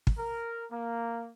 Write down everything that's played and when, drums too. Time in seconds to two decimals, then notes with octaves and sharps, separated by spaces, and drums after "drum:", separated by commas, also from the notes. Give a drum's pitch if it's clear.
0.07 drum: kick
0.19 A#4
0.72 A#3